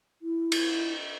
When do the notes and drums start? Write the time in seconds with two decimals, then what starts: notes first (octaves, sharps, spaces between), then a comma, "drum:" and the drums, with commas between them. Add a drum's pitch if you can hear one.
0.22 E4
0.52 drum: cymbal